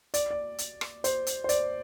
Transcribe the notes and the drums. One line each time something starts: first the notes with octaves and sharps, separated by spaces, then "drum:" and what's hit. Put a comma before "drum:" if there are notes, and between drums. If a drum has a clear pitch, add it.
D5, drum: hi-hat
D5
drum: hi-hat
drum: rim click
C5, drum: hi-hat
drum: hi-hat
C5
D5, drum: hi-hat